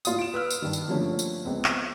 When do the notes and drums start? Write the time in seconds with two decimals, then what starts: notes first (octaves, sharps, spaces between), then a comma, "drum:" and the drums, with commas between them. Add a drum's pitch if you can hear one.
0.05 A2 F4 D#6, drum: tambourine
0.19 D7 E7
0.34 B4 E6 F6
0.50 drum: tambourine
0.62 G2 D#3
0.73 drum: tambourine
0.88 D3 F3 A3 A#3 C#4 D4
1.19 drum: tambourine
1.45 C#2 B3 C4
1.64 drum: clap